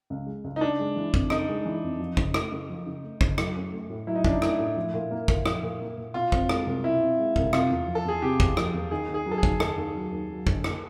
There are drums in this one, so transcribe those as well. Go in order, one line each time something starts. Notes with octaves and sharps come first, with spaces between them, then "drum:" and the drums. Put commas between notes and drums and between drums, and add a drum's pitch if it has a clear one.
C#2
G#3
C#2
D#4
C#3 D4
G#3
E3
F2, drum: kick
C#3 D#4, drum: rim click
G#3
E3
F2
F3
C#3, drum: kick
A3, drum: rim click
C#3
F3
C#3
A3
C#3, drum: kick
F#3, drum: rim click
C#4
A3
A2
F#3 E4
D#4
C#4 D4, drum: kick
D#4
A3 E4, drum: rim click
A2
F3
A#2
A#3
A#2, drum: kick
F3, drum: rim click
A#2
A#3
A#2
B2 F4
C4, drum: kick
G#3, drum: rim click
C2
B2 E4
C4
G#3
C2, drum: kick
C3 F4, drum: rim click
E2
F3
A4
E2 G#4
C3 G4
E2, drum: kick
F3, drum: rim click
E2
D#3 G#4
D#2
G#4
F#3
A4
G#4
D#2, drum: kick
D#3 A4, drum: rim click
D#2
F#3
D#2
F#3
D3, drum: kick
A#3, drum: rim click